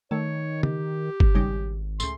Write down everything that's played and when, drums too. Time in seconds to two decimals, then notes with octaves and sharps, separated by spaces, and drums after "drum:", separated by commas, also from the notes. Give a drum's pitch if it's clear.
0.11 D#3 A3 C#5
0.63 G4, drum: tom
1.20 drum: kick G1
1.35 G#1 C#3 G3 D#4
2.00 C#2 A2 C6, drum: tambourine